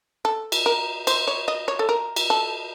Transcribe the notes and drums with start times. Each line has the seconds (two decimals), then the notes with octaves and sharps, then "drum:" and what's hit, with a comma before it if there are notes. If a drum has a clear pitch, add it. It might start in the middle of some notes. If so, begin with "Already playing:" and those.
0.25 A4
0.52 drum: cymbal
0.66 A#4
1.07 C5, drum: cymbal
1.28 C#5
1.48 D#5
1.68 C#5
1.79 A4
1.89 A#4
2.16 drum: cymbal
2.30 A4